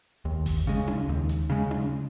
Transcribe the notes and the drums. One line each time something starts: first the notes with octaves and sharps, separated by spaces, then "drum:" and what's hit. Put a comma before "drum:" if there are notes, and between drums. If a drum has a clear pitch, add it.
D#2
drum: kick G1, open hi-hat
C#3 G#3
drum: tom C#4
D#2
drum: hi-hat
C#3 G#3
drum: tom C#4